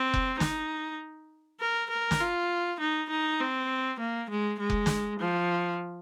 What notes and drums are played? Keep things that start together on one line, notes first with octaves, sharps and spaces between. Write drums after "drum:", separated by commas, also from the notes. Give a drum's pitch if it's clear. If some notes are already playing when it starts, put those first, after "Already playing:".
Already playing: C4
drum: kick F1
D#4, drum: snare
A#4
A#4
drum: snare
F4
D#4
D#4
C4
A#3
G#3
G#3
drum: kick F1
drum: snare
F3